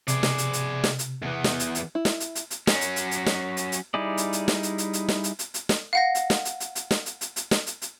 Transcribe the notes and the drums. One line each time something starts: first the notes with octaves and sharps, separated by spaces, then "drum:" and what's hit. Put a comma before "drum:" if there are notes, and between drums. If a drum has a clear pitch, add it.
C3 G#4 D5, drum: hi-hat
drum: snare
drum: hi-hat
drum: hi-hat
drum: snare
drum: hi-hat
E2 B3
drum: snare
drum: hi-hat
drum: hi-hat
E4
drum: snare
drum: hi-hat
drum: hi-hat
drum: hi-hat
F#3 C#4, drum: snare
drum: hi-hat
drum: hi-hat
drum: hi-hat
drum: snare
drum: hi-hat
drum: hi-hat
G3 D#4 E4 G#4 D5
drum: hi-hat
drum: hi-hat
drum: snare
drum: hi-hat
drum: hi-hat
drum: hi-hat
drum: snare
drum: hi-hat
drum: hi-hat
drum: hi-hat
drum: snare
F5 F#5 A#6
drum: hi-hat
drum: snare
drum: hi-hat
drum: hi-hat
drum: hi-hat
drum: snare
drum: hi-hat
drum: hi-hat
drum: hi-hat
drum: snare
drum: hi-hat
drum: hi-hat